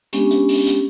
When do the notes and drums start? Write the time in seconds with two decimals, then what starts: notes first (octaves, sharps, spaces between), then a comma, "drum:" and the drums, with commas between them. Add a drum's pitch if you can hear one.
0.13 G#3 B3 C#4 D4 G4, drum: hi-hat
0.31 drum: hi-hat
0.49 drum: open hi-hat
0.67 drum: hi-hat